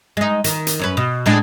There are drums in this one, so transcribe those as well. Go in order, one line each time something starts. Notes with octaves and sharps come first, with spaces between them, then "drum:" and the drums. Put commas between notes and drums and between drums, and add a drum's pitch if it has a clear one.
G#3 D#4
D#3, drum: hi-hat
drum: hi-hat
F#2 C#4 B4
B2
A2 G#3 D4